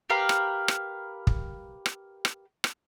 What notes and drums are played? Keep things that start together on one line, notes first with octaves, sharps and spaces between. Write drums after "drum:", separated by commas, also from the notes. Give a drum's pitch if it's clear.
G4 A#4 B4 F5
drum: rim click
drum: rim click
drum: kick
drum: rim click
drum: rim click
drum: rim click